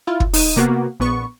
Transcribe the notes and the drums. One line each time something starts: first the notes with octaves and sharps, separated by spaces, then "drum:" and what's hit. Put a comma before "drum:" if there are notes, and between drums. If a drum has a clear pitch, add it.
E4 F4
drum: kick
D#4 D#7, drum: open hi-hat
C3 A#3 B3 F#4
A#1 B3 C#6